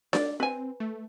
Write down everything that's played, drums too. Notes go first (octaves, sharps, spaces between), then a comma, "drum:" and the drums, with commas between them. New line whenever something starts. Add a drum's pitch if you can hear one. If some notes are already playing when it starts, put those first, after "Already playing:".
D5, drum: snare D4
C4 B4 G#5
A3